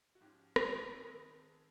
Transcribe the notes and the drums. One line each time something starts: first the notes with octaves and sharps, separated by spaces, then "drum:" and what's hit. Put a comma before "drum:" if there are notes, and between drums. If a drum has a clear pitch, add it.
F#4
G#2 F3 G#3 C#4 G4
drum: rim click
D#3 G#3 C4 D#4 A4
G#4
A#4